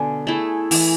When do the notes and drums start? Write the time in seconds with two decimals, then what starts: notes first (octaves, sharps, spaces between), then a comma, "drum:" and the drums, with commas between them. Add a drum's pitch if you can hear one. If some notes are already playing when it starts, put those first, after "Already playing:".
Already playing: B2 D3 B3 G#5
0.27 A3 E4 G#4
0.71 E3, drum: open hi-hat